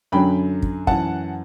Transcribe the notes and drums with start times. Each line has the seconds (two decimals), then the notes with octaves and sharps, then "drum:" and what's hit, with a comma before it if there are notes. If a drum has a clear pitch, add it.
0.12 F#2 D3 F#3 G5 B5
0.62 drum: kick
0.87 F#2 E3 F#5 A5, drum: kick